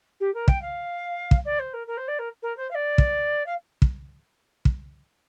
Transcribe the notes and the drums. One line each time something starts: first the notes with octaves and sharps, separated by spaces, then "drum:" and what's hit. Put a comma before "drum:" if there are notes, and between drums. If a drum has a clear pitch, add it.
G4
A#4
G5, drum: kick
F5
drum: kick
D5
C5
A#4
A#4
C5
D5
A#4
A#4
C5
F5
D5
drum: kick
F5
drum: kick
drum: kick